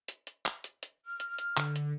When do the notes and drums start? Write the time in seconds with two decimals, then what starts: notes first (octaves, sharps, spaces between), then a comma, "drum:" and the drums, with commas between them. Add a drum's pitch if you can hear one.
0.08 drum: hi-hat
0.27 drum: hi-hat
0.46 drum: clap
0.64 drum: hi-hat
0.83 drum: hi-hat
1.05 F6
1.20 drum: hi-hat
1.39 drum: hi-hat
1.57 D3, drum: clap
1.76 drum: hi-hat